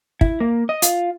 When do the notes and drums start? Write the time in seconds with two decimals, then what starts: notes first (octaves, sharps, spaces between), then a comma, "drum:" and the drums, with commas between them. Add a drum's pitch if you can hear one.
0.21 E4, drum: kick
0.40 A#3
0.69 D#5
0.82 F4, drum: hi-hat